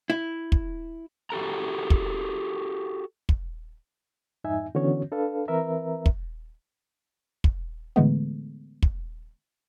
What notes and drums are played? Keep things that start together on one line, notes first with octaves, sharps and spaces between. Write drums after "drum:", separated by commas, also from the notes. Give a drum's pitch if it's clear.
E4
drum: kick
F#4 G4 A4 A#5
drum: kick
drum: kick
F2 G#2 D#4 E5 G#5
D3 E3 B3 C#4 F#4 C#5
D4 A4 B4 F5
E3 C4 A#4 B4 E5 A#5
drum: kick
drum: kick
A2 D3 E3 G#3 A3 B3
drum: kick